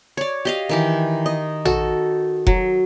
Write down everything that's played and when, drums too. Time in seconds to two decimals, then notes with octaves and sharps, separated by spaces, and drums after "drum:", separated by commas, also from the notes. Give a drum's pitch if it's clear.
0.17 C#5 D5
0.45 G4 D#5 F5
0.69 D#3 E3 G4
1.26 D#5
1.65 F#4 A4, drum: tom
2.47 F#3, drum: kick F1